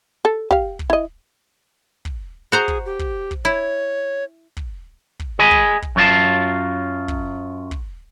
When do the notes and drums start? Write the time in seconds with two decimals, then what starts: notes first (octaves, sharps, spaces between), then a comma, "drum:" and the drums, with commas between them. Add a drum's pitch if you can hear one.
0.25 A4
0.51 G4 F5, drum: kick
0.79 drum: kick
0.90 E4 D#5
2.05 drum: kick
2.52 F#4 G#4 C5 A#5
2.68 drum: kick
2.86 G4
2.99 drum: kick
3.31 drum: kick
3.45 E4 C#5
4.57 drum: kick
5.20 drum: kick
5.39 G#4 D#5 G#5 B5
5.51 drum: kick
5.82 drum: kick
5.96 F#2 F#3 F4 A5
7.08 drum: kick
7.71 drum: kick